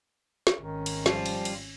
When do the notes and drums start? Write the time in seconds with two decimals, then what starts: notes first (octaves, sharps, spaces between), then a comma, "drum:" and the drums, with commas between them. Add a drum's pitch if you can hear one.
0.47 drum: snare
0.60 G#1 D#3 C#4
0.86 drum: cymbal
1.06 F3 G3 F4, drum: snare
1.26 drum: cymbal
1.45 drum: cymbal